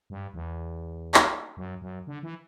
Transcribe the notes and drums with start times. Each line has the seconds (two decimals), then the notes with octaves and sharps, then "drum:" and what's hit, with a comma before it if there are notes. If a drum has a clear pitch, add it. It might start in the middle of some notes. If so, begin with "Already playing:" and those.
0.10 G2
0.34 E2
1.14 drum: clap
1.57 F#2
1.82 F#2
2.07 D3
2.23 E3